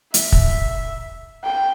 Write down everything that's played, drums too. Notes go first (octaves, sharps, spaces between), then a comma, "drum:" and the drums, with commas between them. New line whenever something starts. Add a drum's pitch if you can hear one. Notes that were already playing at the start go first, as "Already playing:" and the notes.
E5, drum: hi-hat
drum: kick
G5